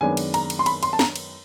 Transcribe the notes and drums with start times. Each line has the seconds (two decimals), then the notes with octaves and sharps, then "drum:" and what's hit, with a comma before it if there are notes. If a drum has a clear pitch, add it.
0.01 F#2 D#3 G#3 B3 D4 G#5
0.17 drum: cymbal
0.34 A#5, drum: cymbal
0.50 drum: cymbal
0.59 C6
0.66 B5, drum: cymbal
0.83 C6, drum: cymbal
0.93 A5
0.99 A#5, drum: snare
1.16 drum: cymbal